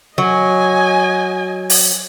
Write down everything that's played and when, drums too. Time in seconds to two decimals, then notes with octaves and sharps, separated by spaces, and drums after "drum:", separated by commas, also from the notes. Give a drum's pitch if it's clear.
0.18 F#3 D#5 G#5
1.70 drum: open hi-hat